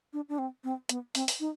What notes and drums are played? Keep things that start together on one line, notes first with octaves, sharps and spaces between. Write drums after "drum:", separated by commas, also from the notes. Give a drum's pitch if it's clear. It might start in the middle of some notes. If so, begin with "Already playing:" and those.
D4
D4
C4
C4
B3, drum: hi-hat
C4, drum: open hi-hat
drum: open hi-hat
D#4